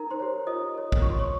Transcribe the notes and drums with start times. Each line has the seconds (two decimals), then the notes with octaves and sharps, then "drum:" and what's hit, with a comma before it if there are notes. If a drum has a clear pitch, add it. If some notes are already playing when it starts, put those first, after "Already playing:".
Already playing: D#4 A#4 A#5
0.10 C5 C6
0.20 G4 C#5
0.47 F4 D#5 D#6
0.75 A#4 C#5
0.92 drum: kick
1.02 F4 C#6
1.10 C6
1.19 C#5 C#6